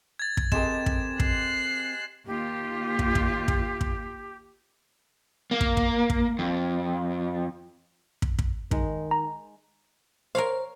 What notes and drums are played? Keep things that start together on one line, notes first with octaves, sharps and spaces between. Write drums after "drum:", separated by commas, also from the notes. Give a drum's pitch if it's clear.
G#6 A6
drum: kick
G#3 C4 G4 A4 A#4 E7, drum: kick
drum: kick
F#6 C7, drum: kick
D#2 F4 G4
drum: kick
drum: kick
drum: kick
drum: kick
A#3
drum: kick
drum: kick
drum: kick
F2
drum: kick
drum: kick
D#3 G#3 D#4, drum: kick
A#5
A#4 C5 C#5 F5